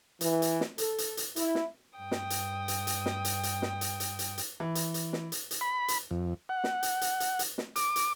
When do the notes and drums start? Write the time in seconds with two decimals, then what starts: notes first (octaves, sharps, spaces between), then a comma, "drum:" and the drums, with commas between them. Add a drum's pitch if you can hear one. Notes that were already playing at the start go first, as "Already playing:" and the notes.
0.21 E3, drum: hi-hat
0.42 drum: hi-hat
0.61 drum: snare
0.78 A4, drum: hi-hat
0.98 drum: hi-hat
1.17 drum: hi-hat
1.36 E4, drum: hi-hat
1.55 drum: snare
1.98 G2 G5 D#6
2.11 drum: snare
2.30 drum: hi-hat
2.68 drum: hi-hat
2.87 drum: hi-hat
3.06 drum: snare
3.25 drum: hi-hat
3.43 drum: hi-hat
3.62 drum: snare
3.81 drum: hi-hat
4.00 drum: hi-hat
4.19 drum: hi-hat
4.38 drum: hi-hat
4.60 E3
4.75 drum: hi-hat
4.94 drum: hi-hat
5.13 drum: snare
5.32 drum: hi-hat
5.51 drum: hi-hat
5.61 B5
5.88 drum: hi-hat
6.11 F2
6.49 F#5
6.64 drum: snare
6.83 drum: hi-hat
7.01 drum: hi-hat
7.20 drum: hi-hat
7.39 drum: hi-hat
7.58 drum: snare
7.76 D6, drum: hi-hat
7.96 drum: hi-hat